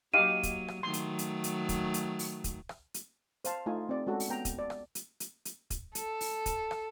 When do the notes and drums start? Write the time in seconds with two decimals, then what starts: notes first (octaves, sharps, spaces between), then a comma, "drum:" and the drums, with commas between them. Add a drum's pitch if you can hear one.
0.14 F#3 A#3 D#4 G4 F5 D#7
0.43 drum: kick, hi-hat
0.68 drum: rim click
0.83 D#3 F#3 A3 C6
0.94 drum: hi-hat
1.19 drum: hi-hat
1.44 drum: hi-hat
1.69 drum: kick, hi-hat
1.94 drum: hi-hat
2.19 drum: open hi-hat
2.44 drum: kick, hi-hat
2.69 drum: rim click
2.94 drum: hi-hat
3.44 C5 F5 A5, drum: hi-hat
3.66 A3 D#4 F4 G#5
3.89 C4 D5
4.07 G#3 C#4 F#4 A4
4.20 drum: open hi-hat
4.29 B3 G5 A#5
4.45 drum: kick, hi-hat
4.59 D5
4.70 drum: rim click
4.95 drum: hi-hat
5.20 drum: hi-hat
5.45 drum: hi-hat
5.70 drum: kick, hi-hat
5.95 A4, drum: hi-hat
6.21 drum: open hi-hat
6.46 drum: kick, hi-hat
6.71 drum: rim click